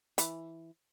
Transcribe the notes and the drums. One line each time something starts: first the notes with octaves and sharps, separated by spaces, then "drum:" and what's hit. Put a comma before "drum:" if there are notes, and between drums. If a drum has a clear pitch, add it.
E3, drum: hi-hat